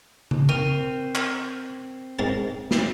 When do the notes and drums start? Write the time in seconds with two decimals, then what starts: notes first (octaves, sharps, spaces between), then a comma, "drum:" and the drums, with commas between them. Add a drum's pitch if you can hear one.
0.31 drum: tom C#3
0.49 C4 A#4 C#6 D#7 F7
1.15 drum: clap
2.19 G#2 A#4 A5
2.71 drum: snare